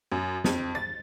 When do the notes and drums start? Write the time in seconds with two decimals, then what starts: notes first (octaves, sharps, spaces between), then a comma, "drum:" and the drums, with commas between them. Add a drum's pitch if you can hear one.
0.12 F#2
0.44 F2, drum: snare
0.75 A6